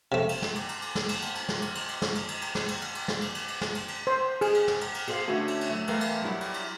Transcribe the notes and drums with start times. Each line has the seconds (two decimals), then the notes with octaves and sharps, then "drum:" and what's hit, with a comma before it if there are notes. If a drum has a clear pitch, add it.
0.12 C3 A3
0.29 drum: cymbal
0.42 drum: snare
0.55 drum: cymbal
0.69 drum: cymbal
0.82 drum: cymbal
0.95 drum: snare
1.09 drum: cymbal
1.22 drum: cymbal
1.35 drum: cymbal
1.49 drum: snare
1.62 drum: cymbal
1.75 drum: cymbal
1.88 drum: cymbal
2.02 drum: snare
2.15 drum: cymbal
2.28 drum: cymbal
2.42 drum: cymbal
2.55 drum: snare
2.68 drum: cymbal
2.82 drum: cymbal
2.95 drum: cymbal
3.08 drum: snare
3.21 drum: cymbal
3.35 drum: cymbal
3.48 drum: cymbal
3.61 drum: snare
3.75 drum: cymbal
3.88 drum: cymbal
4.07 C5
4.41 G#4, drum: cymbal
4.54 drum: cymbal
4.68 drum: snare
4.81 drum: cymbal
4.94 drum: cymbal
5.07 G#4 A4 C5 D#5 F5, drum: cymbal
5.28 D3 A3 C#4 E4 F#4 C#5
5.48 drum: cymbal
5.61 drum: cymbal
5.70 F#3 A3
5.87 E2 A3 A#4 F5, drum: cymbal
6.01 drum: cymbal
6.22 F#3 G3 E4
6.41 drum: cymbal
6.54 drum: cymbal